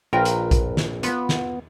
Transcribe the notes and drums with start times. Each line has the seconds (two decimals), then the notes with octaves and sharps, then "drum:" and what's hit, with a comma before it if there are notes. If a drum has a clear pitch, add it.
0.13 A#1 F4 A#4 B4 F5 G5
0.25 drum: hi-hat
0.51 drum: kick A#1, hi-hat
0.77 drum: snare
1.03 B3 F4, drum: hi-hat
1.29 drum: snare